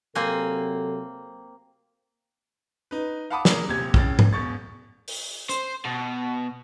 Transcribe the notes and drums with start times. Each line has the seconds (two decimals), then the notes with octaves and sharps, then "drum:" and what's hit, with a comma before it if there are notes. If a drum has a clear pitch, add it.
0.15 C3 F#3 A#3 C4 A4 G#5
2.91 D#4 B4
3.30 F5 F#5 A5 B5 D6 D#6
3.45 A#3 G#4, drum: snare
3.68 D#1 C3 G#6
3.94 A2 C#3 A6, drum: kick
4.19 drum: tom G#2
4.33 E1 C#6 A6
5.08 drum: open hi-hat
5.49 C5, drum: hi-hat
5.85 B2